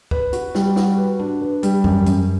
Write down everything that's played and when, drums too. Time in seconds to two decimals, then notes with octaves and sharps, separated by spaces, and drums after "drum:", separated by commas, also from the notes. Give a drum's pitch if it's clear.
0.11 B4, drum: kick
0.33 F#4, drum: hi-hat
0.55 G3, drum: snare
0.76 F#4, drum: snare
0.98 B4
1.19 D4, drum: tom G#2
1.42 B4
1.63 G3, drum: hi-hat
1.84 F#2, drum: kick
2.06 F#2, drum: hi-hat